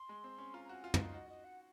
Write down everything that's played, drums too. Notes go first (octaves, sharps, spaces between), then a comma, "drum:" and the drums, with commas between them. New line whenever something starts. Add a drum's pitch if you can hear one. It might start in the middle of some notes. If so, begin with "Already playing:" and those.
Already playing: C6
G#3
C4
C#4
F4 A#5
A#5
F#4
G#5
F4
D#4 F5, drum: tom
F#4 D#5
D#5
F#5